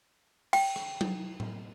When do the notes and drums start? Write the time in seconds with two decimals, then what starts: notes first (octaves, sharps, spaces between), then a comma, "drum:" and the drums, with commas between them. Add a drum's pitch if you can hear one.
0.53 G5, drum: cymbal
0.76 drum: rim click
1.01 drum: tom F#3
1.40 drum: tom A2